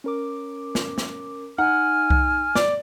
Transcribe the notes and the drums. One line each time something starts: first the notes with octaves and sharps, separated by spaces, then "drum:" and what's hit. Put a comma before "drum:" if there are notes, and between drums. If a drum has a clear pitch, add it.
C#4 A#4 D6
drum: snare
drum: snare
D#4 F#5 G#5 F6
drum: kick C2
D5, drum: snare